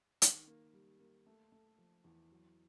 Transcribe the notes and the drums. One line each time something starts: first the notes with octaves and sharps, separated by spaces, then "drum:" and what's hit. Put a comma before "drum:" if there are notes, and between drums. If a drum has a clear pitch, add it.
D#3, drum: hi-hat
A#3
G3
A#3
A3
A3
F3
E2
F#3